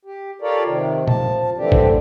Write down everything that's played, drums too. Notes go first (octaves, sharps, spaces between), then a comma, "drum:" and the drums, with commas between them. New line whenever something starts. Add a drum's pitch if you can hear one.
G4
F4 G4 A4 A#4 C#5 D5
C3 D#3
F3 A5, drum: tom A#2
A2 D3 E3 C4 D4 G4
drum: kick G#1